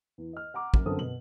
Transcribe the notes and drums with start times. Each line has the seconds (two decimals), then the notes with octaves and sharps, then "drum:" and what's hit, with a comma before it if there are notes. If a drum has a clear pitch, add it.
0.18 E2
0.33 D#5 F6
0.54 F#5 A#5 D6
0.74 F#2, drum: kick
0.85 G1 F#2 D3 C4 A4 D#6
0.99 B2 F#7